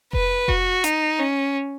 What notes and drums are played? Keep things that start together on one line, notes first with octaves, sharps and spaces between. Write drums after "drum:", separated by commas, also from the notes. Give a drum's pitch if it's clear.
B4, drum: kick F1
F#4, drum: kick F1
D#4, drum: hi-hat
C#4